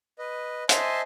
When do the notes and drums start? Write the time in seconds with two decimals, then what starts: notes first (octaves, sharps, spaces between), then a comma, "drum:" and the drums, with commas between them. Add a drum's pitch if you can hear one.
0.18 B4 D#5
0.69 C5 D#5 E5 G#5 A5 C6, drum: hi-hat